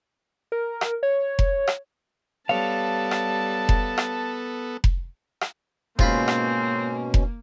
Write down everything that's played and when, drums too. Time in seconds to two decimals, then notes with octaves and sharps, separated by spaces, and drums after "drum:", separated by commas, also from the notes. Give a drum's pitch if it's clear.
0.52 A#4
0.81 drum: rim click
1.03 C#5
1.39 drum: kick F1
1.67 drum: rim click
2.49 G3 B3 A4 C#5 F5 A5
3.11 drum: rim click
3.69 drum: kick F1
3.98 drum: rim click
4.84 drum: kick F1
5.41 drum: rim click
5.99 G#2 B2 A#3 C4 C#4 F4 B5, drum: kick F1
6.28 drum: rim click
7.14 drum: kick F1